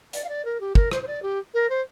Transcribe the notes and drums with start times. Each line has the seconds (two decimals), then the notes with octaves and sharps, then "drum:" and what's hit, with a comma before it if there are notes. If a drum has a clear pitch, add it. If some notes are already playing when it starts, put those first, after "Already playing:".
0.13 D5, drum: hi-hat
0.24 F5
0.29 D5
0.45 A#4
0.60 G4
0.75 A#4, drum: kick
0.91 C5, drum: rim click
1.02 C5
1.07 D5
1.22 G4
1.54 A#4
1.69 C5